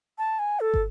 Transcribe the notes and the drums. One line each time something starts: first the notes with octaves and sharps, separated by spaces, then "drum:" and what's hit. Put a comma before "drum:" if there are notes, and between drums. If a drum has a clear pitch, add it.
A5
G#5
A4
drum: kick